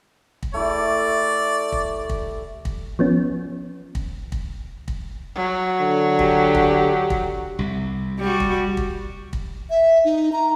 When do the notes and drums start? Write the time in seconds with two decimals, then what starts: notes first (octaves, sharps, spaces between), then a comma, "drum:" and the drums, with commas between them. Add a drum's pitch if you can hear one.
0.43 drum: kick
0.54 A3 E4 G4 D5
1.72 drum: kick
2.09 drum: kick
2.65 drum: kick
2.99 F3 B3 C#4
3.95 drum: kick
4.32 drum: kick
4.88 drum: kick
5.35 F#3
5.80 D3
6.19 G4, drum: kick
6.55 drum: kick
7.10 drum: kick
7.59 C2 C3
8.19 G3 F#4
8.40 drum: kick
8.77 drum: kick
9.33 drum: kick
9.70 E5
10.05 D#4
10.32 A#5